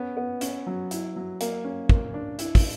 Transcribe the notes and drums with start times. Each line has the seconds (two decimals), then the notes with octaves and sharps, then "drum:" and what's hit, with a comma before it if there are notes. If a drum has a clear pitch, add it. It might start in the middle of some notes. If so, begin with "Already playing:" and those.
Already playing: B3 C#4
0.17 B3
0.41 C#4, drum: hi-hat
0.67 F#3
0.91 E4, drum: hi-hat
1.16 F#3
1.41 A#3, drum: hi-hat
1.64 C#4
1.89 A#3, drum: kick
2.14 D4
2.39 E4, drum: hi-hat
2.55 drum: kick, open hi-hat